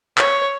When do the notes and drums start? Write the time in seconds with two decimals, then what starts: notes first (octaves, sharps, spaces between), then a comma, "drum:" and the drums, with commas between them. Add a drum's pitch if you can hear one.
0.18 C#5, drum: clap